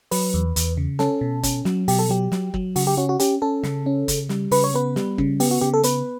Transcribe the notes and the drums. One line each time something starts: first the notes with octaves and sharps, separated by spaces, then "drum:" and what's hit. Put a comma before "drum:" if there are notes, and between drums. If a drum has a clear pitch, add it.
F#3 B4, drum: open hi-hat
E2
E2, drum: hi-hat
C#3
C#4 A4, drum: snare
B2
C#4, drum: kick, hi-hat
F#3, drum: snare
B2 G4, drum: open hi-hat
A4
F#3 G4
F#3, drum: snare
F#3, drum: kick
C#3 F#4, drum: open hi-hat
G4
C#4 F#4
F#4
C#4 G4, drum: hi-hat
C#4 A4
C#3, drum: snare
C#4
C#3, drum: kick, hi-hat
G3, drum: snare
C#3 B4, drum: open hi-hat
C#5
B3 B4
G3, drum: snare
C#3, drum: kick
B3 G4, drum: open hi-hat
F#4
C#3 G4
A4
B3 B4, drum: hi-hat